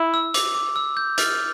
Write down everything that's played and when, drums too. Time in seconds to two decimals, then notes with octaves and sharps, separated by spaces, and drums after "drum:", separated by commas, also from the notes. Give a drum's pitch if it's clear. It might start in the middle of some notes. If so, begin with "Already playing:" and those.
Already playing: E4
0.14 E6
0.34 D6, drum: hi-hat
0.55 D6
0.76 E6
0.97 G6
1.18 F6 A6, drum: hi-hat